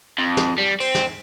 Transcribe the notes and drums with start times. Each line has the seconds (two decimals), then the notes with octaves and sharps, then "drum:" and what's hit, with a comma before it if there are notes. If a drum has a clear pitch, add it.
0.18 F2
0.37 drum: snare
0.58 G3
0.80 C4, drum: open hi-hat
0.95 drum: snare